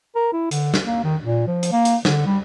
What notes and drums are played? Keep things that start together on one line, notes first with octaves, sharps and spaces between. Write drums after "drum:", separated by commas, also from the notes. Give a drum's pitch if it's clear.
A#4
E4
D3, drum: hi-hat
drum: snare
A#3
D#3
A#2
F3
drum: hi-hat
A#3
drum: hi-hat
D3, drum: snare
G3